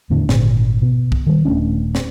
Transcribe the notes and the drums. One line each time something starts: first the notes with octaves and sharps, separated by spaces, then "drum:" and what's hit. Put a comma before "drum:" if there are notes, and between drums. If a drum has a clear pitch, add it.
E2 A2 D3
G#1 A#2, drum: snare
B2
drum: kick
D#3 G3
D#1 A3 C#4 D4
drum: snare